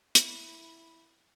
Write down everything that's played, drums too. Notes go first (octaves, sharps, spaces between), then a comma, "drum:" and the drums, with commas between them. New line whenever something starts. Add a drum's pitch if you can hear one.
E4 B5, drum: hi-hat